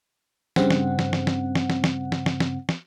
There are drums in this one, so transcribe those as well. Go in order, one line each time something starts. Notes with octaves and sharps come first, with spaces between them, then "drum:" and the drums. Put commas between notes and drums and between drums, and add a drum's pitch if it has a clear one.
G2 C#3 C4 F#5, drum: snare
drum: snare
drum: snare
drum: snare
drum: snare
drum: snare
drum: snare
drum: snare
drum: snare
drum: snare
drum: snare
drum: snare